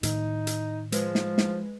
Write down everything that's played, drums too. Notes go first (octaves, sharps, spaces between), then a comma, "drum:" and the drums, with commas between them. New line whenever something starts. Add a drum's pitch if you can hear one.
A2 D#3 D#4, drum: hi-hat
drum: hi-hat
F3 G#3 B4, drum: hi-hat
drum: snare
drum: snare